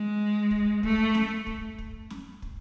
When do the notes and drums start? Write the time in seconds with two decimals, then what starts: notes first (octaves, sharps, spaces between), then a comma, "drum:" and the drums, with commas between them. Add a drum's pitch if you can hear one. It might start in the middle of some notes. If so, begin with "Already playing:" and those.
Already playing: G#3
0.51 drum: kick
0.83 A3, drum: kick
1.15 drum: snare
1.47 drum: kick
1.78 drum: kick
2.10 drum: snare
2.42 drum: kick